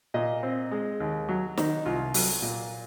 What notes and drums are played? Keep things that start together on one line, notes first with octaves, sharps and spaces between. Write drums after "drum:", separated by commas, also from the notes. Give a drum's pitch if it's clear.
A#2 D#5
C4
G#3
D#2
F#3
D#3, drum: snare
C2 F4
F#3, drum: open hi-hat
A#2